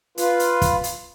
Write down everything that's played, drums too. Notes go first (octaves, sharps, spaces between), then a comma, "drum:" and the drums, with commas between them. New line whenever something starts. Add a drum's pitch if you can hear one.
F4 B4, drum: hi-hat
drum: hi-hat
drum: kick, hi-hat
drum: hi-hat